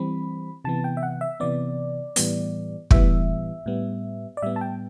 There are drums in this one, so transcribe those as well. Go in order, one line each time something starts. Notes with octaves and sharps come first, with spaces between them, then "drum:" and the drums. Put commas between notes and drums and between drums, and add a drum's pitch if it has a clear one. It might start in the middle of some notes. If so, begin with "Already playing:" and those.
Already playing: E3 G3 C4 B5
C3 E3 B3 A5
G5
E5
F#5
E5
C3 E3 B3 D5
A2 E3 G3 B3, drum: hi-hat
A2 E3 G3 B3 E5, drum: kick
A2 G3 B3
D5
A2 G3 B3 E5
A5
G5